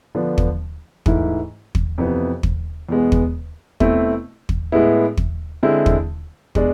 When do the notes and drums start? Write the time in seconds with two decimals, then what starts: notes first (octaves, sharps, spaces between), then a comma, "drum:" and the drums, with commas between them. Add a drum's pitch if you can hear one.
0.15 D3 F3 B3 D4
0.38 drum: kick
1.06 G#2 E3 A3 E4, drum: kick
1.75 drum: kick
1.98 F2 C3 E3 B3
2.43 drum: kick
2.89 E2 B2 G#3 B3
3.12 drum: kick
3.80 B2 A3 C4 E4, drum: kick
4.49 drum: kick
4.72 A2 G#3 B3 E4
5.17 drum: kick
5.63 D3 G#3 C4 E4
5.86 drum: kick
6.55 B2 G#3 D4, drum: kick